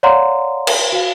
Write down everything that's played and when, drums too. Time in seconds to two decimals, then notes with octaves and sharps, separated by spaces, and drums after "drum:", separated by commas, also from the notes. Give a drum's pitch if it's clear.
0.03 C#5 D5 F5 F#5 A#5 C6
0.67 drum: cymbal
0.92 F#4 F5